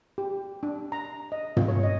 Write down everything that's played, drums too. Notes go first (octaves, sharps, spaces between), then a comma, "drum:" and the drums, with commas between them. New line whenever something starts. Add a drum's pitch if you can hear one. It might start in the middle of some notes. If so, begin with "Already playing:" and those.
G4
D4
A#5
D#5
drum: tom
C#5
D#5